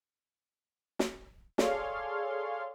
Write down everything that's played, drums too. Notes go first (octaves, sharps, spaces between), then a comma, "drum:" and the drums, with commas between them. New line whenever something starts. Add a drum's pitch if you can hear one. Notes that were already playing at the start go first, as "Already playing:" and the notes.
drum: snare
G#4 A4 C#5 D5 F5 C6, drum: snare